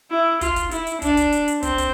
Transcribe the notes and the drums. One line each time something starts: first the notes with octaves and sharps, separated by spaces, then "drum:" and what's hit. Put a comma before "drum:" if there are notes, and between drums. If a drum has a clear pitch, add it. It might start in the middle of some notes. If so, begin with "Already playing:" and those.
E4
F4, drum: kick, hi-hat
drum: kick, hi-hat
E4, drum: hi-hat
drum: hi-hat
D4, drum: kick, hi-hat
drum: kick, hi-hat
drum: hi-hat
drum: hi-hat
C4, drum: kick, hi-hat
drum: kick, hi-hat